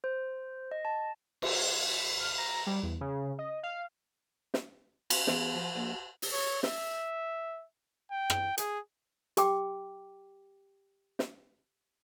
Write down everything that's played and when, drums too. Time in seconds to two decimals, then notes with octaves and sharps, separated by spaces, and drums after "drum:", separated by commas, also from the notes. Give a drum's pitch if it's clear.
0.04 C5
0.72 D#5
0.85 A5
1.42 drum: cymbal
2.20 F6
2.38 A#5
2.67 G3
2.83 E2
3.01 C#3
3.38 D#5
3.63 F5
4.54 drum: snare
5.10 C#4, drum: cymbal
5.27 E2, drum: snare
5.54 F3
5.76 A#1
6.22 drum: open hi-hat
6.32 C#5
6.63 E5, drum: snare
8.11 G5
8.30 drum: rim click
8.58 G#4, drum: hi-hat
9.37 G4 G5 D6, drum: hi-hat
11.19 drum: snare